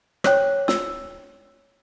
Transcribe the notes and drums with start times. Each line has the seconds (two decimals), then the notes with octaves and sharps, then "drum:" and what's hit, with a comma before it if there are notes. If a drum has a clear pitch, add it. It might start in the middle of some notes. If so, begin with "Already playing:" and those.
0.24 C5 C#5 G5, drum: rim click
0.68 E6, drum: snare